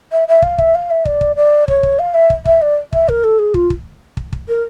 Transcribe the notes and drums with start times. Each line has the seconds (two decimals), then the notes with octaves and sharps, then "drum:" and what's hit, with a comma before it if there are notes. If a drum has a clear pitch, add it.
0.12 E5
0.28 E5
0.42 F5, drum: kick
0.58 E5, drum: kick
0.75 F5
0.90 E5
1.05 D5, drum: kick
1.21 drum: kick
1.36 D5
1.68 C#5, drum: kick
1.83 drum: kick
1.99 F5
2.14 E5
2.30 drum: kick
2.45 E5, drum: kick
2.61 D5
2.93 E5, drum: kick
3.08 A#4, drum: kick
3.24 A4
3.39 G#4
3.54 F4, drum: kick
3.70 drum: kick
4.17 drum: kick
4.33 drum: kick
4.48 A#4